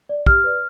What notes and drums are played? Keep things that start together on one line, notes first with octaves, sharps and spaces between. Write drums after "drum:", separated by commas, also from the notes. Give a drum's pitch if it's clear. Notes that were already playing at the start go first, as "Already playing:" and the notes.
D5
G4 F6, drum: kick
B4 D5